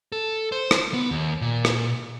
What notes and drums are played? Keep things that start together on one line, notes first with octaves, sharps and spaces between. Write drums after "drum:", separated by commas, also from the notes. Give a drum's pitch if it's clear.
A4
C5
drum: rim click
B3
D#2
A#2
drum: rim click